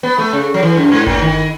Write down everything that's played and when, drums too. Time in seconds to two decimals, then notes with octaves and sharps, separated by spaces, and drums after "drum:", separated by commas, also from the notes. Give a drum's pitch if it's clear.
0.03 B3
0.19 A3
0.33 C#3
0.54 F#3
0.63 E3
0.77 F#2
0.92 G#2
1.07 A2, drum: kick G1
1.22 D#3